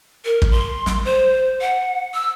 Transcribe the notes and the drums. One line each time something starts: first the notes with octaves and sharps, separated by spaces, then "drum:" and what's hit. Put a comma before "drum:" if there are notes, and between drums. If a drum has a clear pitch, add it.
A#4
drum: kick
C6
drum: snare
C5
F#5
E6